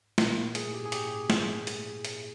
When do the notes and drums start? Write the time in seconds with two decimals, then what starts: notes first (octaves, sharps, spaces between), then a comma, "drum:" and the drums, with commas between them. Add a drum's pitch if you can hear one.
0.18 A#2 A#3 E4, drum: snare
0.55 G#4, drum: hi-hat
0.74 G4
0.85 G#4
0.92 G4, drum: hi-hat
1.30 drum: snare
1.67 drum: hi-hat
2.05 drum: hi-hat